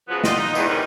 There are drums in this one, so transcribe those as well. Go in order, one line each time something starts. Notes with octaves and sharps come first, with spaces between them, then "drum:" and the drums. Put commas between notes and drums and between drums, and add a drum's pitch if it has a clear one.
C#3 F3 F#3 B3
F4 G4 C5 D5 D#5, drum: snare
D#4
E2 E3, drum: tambourine
C3 D#3 G3 C#4 A#4 B4